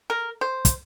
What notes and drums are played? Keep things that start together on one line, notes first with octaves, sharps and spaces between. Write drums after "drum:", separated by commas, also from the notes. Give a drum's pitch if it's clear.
A#4
C5
drum: kick, hi-hat